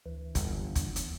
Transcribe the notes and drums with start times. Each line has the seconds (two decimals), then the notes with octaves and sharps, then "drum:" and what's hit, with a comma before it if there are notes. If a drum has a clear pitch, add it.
0.06 D2 E3
0.35 G1, drum: kick, hi-hat
0.75 drum: kick, hi-hat
0.96 drum: hi-hat